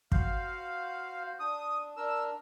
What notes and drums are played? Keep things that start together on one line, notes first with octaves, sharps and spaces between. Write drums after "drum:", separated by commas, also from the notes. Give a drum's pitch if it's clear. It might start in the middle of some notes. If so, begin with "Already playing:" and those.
F#4 C5 F5, drum: kick
D4 D#6
D4 A#4 E6